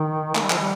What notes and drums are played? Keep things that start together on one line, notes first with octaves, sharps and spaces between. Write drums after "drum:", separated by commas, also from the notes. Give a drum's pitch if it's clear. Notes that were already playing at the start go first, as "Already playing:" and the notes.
Already playing: D#3
A3, drum: clap
G3
F3, drum: clap
G3